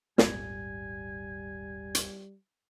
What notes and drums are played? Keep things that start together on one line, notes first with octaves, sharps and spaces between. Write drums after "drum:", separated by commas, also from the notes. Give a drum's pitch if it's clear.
D#1 G#1 G3 G#5, drum: snare
drum: hi-hat